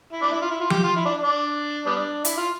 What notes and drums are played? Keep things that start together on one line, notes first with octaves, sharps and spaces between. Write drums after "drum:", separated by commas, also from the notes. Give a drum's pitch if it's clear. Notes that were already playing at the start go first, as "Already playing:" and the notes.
E4
D4
E4
F4
E4
F4
G4, drum: tom F3
F4
E4
D4
D4
G3 B3 D4
E4, drum: hi-hat
F4